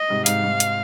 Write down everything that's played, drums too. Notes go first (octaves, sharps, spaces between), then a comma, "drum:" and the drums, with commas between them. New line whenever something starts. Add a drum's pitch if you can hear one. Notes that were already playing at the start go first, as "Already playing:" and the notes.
Already playing: D#5
G#2 C3
G#2 F5, drum: hi-hat
G#2
drum: hi-hat